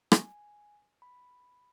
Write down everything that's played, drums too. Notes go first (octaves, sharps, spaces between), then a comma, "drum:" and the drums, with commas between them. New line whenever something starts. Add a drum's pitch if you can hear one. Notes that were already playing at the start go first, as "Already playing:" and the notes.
G#5, drum: rim click
B5